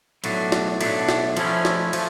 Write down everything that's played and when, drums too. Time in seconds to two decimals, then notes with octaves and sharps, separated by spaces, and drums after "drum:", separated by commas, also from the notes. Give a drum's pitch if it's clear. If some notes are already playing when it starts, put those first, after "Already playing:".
0.24 B1 A2 F#3 A3 D4, drum: cymbal
0.52 drum: snare
0.81 B1 A2 F#3 A3 D4, drum: cymbal
1.09 drum: snare
1.37 F3 A3 C#4 E4, drum: cymbal
1.65 drum: snare
1.93 F3 A3, drum: cymbal